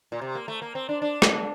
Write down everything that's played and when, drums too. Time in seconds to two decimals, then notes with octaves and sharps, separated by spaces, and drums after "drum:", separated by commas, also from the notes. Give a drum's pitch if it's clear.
0.12 A#2
0.21 C3
0.35 A#3
0.48 A3
0.62 A#3
0.75 C4
0.89 D4
1.02 D4
1.22 drum: rim click